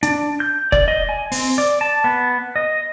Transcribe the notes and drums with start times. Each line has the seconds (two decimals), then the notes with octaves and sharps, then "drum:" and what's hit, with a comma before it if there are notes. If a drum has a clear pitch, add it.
0.03 D4, drum: hi-hat
0.40 G6
0.72 D5, drum: kick F1
0.88 D#5
1.09 G#5
1.32 C4, drum: open hi-hat
1.58 D5
1.81 A5
2.04 B3
2.56 D#5